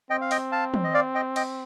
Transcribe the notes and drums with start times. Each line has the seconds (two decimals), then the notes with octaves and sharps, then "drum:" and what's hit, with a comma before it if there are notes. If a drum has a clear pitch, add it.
0.10 C4 D#5 G5
0.21 F5
0.31 D#5 G5, drum: open hi-hat
0.52 F5 A5
0.74 drum: tom
0.84 D#5
0.94 D5 F5
1.15 D#5 G5
1.36 D#5 G5, drum: cymbal